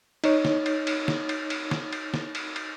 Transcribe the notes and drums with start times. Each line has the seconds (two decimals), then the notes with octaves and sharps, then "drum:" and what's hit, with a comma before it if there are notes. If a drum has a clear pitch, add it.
0.24 D#4 C#5, drum: cymbal
0.45 drum: snare
0.66 drum: cymbal
0.87 drum: cymbal
1.08 drum: snare
1.29 drum: cymbal
1.50 drum: cymbal
1.71 drum: snare
1.93 drum: cymbal
2.14 drum: snare
2.35 drum: cymbal
2.56 drum: cymbal